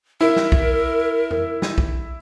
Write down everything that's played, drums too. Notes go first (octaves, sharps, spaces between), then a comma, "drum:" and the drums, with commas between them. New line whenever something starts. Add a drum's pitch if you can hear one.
E4 A#4
drum: snare
drum: kick B1
drum: tom F2
drum: snare
drum: kick B1